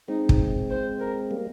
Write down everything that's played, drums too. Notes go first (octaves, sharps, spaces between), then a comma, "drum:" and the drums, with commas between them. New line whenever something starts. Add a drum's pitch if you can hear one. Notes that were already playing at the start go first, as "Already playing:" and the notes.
G#3 C4 D#4
drum: kick
C5
A#4
G3 A#3